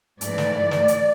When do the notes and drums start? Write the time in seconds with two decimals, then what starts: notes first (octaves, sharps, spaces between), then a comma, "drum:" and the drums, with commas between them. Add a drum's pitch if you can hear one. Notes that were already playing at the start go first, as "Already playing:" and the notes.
0.21 G#2 E3 A3 D5, drum: hi-hat
0.38 drum: snare
0.71 drum: snare
0.88 drum: hi-hat